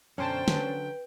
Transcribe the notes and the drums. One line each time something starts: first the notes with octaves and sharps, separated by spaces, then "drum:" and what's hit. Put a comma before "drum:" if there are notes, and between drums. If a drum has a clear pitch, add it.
F#2 B2 D3 C#4 C5 G5 A5 A#5
D3 F#3 B4, drum: snare